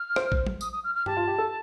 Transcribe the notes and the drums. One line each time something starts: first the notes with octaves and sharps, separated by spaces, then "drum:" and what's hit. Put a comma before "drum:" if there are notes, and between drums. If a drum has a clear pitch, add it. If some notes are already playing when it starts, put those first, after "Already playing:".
Already playing: F6
C5, drum: rim click
drum: kick A#1
drum: tom F#3
D#6, drum: tambourine
D#6
F6
F6
G4 A5, drum: tom G2
F4
G4
A4